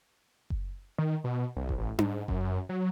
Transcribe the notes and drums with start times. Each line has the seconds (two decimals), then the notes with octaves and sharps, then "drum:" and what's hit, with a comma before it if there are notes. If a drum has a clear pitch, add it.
0.50 drum: kick F#1
0.98 D#3
1.24 B2
1.57 C2
1.69 drum: kick F#1
1.78 A1
1.99 G#2, drum: tom D4
2.13 G#2
2.28 F#2, drum: kick F#1
2.69 F#3